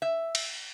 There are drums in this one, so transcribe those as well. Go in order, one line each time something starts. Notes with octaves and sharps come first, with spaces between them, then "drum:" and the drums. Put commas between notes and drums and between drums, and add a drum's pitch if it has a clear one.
E5
drum: cymbal